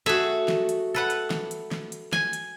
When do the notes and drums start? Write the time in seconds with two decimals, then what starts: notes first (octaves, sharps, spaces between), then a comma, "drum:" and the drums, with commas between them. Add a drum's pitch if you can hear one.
0.06 A3 F#4 G#4 E5
0.48 drum: snare
0.69 drum: hi-hat
0.94 A4 B4 F#5
1.10 drum: hi-hat
1.30 drum: snare
1.51 drum: hi-hat
1.72 drum: snare
1.92 drum: hi-hat
2.13 G#5, drum: snare
2.33 drum: hi-hat